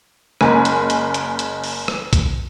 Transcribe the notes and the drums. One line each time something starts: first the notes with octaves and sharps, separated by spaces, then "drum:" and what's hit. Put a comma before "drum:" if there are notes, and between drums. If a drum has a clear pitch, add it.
F#1 C#3 G#3 A#3 G#5, drum: rim click
drum: hi-hat
drum: hi-hat
drum: hi-hat
drum: hi-hat
drum: open hi-hat
drum: rim click
drum: kick B1, hi-hat